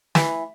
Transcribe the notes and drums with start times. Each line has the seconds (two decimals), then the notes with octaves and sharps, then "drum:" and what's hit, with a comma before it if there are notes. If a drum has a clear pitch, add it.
0.15 E3, drum: snare